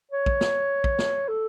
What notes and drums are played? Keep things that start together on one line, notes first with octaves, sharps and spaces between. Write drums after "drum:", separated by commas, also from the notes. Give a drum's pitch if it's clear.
C#5
drum: kick
drum: snare
drum: kick
drum: snare
A4